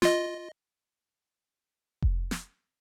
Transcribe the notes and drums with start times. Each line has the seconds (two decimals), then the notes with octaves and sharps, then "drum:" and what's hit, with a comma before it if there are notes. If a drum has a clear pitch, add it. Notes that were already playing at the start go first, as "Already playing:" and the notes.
0.02 F4 D#5, drum: snare
2.02 drum: kick F1
2.31 drum: snare